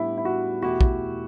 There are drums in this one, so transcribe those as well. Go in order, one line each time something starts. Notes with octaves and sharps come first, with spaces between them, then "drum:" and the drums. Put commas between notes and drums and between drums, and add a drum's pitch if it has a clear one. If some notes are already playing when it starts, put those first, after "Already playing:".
Already playing: A2 G3 B3 D4 E4 G4
E4
F#4
E2 B2 A3 E4 F#4 G4
drum: kick